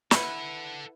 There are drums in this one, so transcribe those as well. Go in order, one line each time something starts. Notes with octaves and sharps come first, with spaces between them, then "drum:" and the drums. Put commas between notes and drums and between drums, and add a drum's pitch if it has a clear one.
E4 A4 B4 F#5, drum: snare